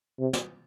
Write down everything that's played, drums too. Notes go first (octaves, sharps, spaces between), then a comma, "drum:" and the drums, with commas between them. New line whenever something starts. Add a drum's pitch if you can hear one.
C3
drum: snare